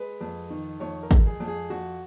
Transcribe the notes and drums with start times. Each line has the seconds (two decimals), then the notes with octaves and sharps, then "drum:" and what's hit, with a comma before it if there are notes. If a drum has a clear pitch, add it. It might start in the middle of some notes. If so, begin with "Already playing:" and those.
Already playing: G#3 B4
0.21 F2
0.50 D#3
0.80 F2 C#5
1.03 A#4
1.11 G#3, drum: kick
1.26 G#4
1.40 F2
1.48 G#4
1.70 F2 F#4